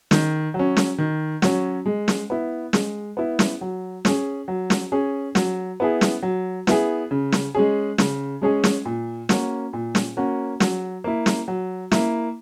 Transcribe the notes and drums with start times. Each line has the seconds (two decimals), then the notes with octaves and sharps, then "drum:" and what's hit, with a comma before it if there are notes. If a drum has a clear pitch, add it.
0.11 D#3, drum: snare
0.54 F#3
0.59 C#4
0.77 drum: snare
0.98 D#3
1.42 F#3 C#4, drum: snare
1.86 G#3
2.08 drum: snare
2.30 B3 E4
2.73 G#3, drum: snare
3.17 B3 E4
3.39 drum: snare
3.61 F#3
4.05 C#4 G#4, drum: snare
4.48 F#3
4.70 drum: snare
4.92 C#4 G#4
5.35 F#3, drum: snare
5.80 B3 E4 G#4
6.01 drum: snare
6.23 F#3
6.67 B3 E4 G#4, drum: snare
7.11 C#3
7.32 drum: snare
7.55 G#3 C#4 G#4
7.98 C#3, drum: snare
8.42 G#3 C#4 G#4
8.64 drum: snare
8.85 A#2
9.29 A#3 C#4 F#4, drum: snare
9.73 A#2
9.95 drum: snare
10.17 A#3 C#4 F#4
10.60 F#3, drum: snare
11.04 A#3 E4
11.26 drum: snare
11.48 F#3
11.91 A#3 E4, drum: snare